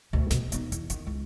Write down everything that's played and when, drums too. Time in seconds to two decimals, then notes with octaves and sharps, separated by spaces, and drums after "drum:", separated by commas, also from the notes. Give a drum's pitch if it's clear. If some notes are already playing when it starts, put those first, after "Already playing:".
0.13 D2 B2
0.30 B2 B3, drum: snare
0.52 B3 D#4, drum: hi-hat
0.72 E2, drum: hi-hat
0.90 B1 D#3, drum: hi-hat
1.07 C#2